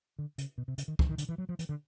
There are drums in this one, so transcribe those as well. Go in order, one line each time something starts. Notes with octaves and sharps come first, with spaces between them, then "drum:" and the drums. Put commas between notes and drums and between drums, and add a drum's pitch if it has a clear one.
D3
C#3, drum: hi-hat
B2
C3
C#3, drum: hi-hat
D#3
E3, drum: kick
D#3
D3, drum: hi-hat
E3
F#3
F3
E3, drum: hi-hat
D3